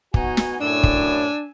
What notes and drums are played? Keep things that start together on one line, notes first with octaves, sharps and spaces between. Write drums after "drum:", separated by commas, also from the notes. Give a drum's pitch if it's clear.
B3 D#4 F#4 G#5, drum: kick
drum: snare
F#2 A2 D4 G#5 E6
drum: kick